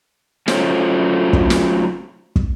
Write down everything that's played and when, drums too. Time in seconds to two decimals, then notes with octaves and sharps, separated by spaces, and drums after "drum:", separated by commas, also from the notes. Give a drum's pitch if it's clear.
0.48 F#3 A3 C#4 F4 C5 C#5, drum: snare
1.33 drum: kick
1.50 drum: snare
2.36 drum: kick